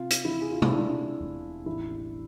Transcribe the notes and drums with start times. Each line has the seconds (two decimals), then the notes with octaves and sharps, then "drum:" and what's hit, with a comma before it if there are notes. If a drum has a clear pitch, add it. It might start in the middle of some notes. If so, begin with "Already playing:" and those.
Already playing: C3 F4
0.10 drum: hi-hat
0.25 E3 E4
0.41 G#4
0.52 F4
0.62 E4, drum: tom
0.72 C3 D4
1.20 E1
1.66 A1 E4